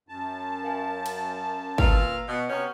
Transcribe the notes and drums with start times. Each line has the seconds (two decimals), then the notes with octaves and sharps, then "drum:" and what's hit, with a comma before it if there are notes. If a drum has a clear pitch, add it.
0.09 F#2 A5
0.63 A#4 F5 G#5
1.06 drum: cymbal
1.78 A#2 B4 F5 E6, drum: kick
2.28 B2 C7
2.49 C3 B3 C#4 C#6 F6 G6